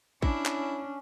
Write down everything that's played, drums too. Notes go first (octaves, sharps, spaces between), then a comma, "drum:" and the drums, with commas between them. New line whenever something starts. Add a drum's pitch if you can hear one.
C#4 D4 E4, drum: kick
drum: clap